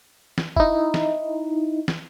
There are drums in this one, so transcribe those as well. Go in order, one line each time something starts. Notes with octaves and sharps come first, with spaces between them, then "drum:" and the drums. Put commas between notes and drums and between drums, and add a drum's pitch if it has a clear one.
drum: snare
D#4 E4, drum: kick
drum: snare
drum: snare